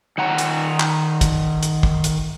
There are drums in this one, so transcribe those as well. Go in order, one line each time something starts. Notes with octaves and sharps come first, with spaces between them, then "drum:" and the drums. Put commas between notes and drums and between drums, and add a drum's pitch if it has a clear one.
D#3 F#5 A#5
drum: hi-hat
drum: clap
drum: kick, hi-hat
drum: hi-hat
drum: kick
drum: hi-hat